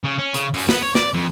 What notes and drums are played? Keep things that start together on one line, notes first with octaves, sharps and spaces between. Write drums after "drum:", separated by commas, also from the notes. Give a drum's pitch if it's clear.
C#3
C#4
C#3, drum: hi-hat
F#2, drum: open hi-hat
B3, drum: snare
C#5
D5, drum: snare
F2